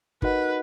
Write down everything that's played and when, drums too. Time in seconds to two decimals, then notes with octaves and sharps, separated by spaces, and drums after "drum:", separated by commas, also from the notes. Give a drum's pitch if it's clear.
0.22 D#4 F#4 A#4 B4 D#5 F#5, drum: kick